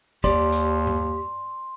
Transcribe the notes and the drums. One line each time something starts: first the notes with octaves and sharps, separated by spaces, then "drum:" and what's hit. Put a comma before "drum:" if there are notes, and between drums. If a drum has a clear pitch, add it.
D#2 G4 D5 C6, drum: kick
drum: hi-hat
drum: tom G2